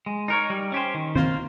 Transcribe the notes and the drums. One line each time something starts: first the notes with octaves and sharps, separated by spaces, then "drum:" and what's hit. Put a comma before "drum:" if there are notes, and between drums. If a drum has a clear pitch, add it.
G#3
D#4 A#4 C#5
G3
C#4 G4 C5
D#3
A#3 F4 C5, drum: tom D#3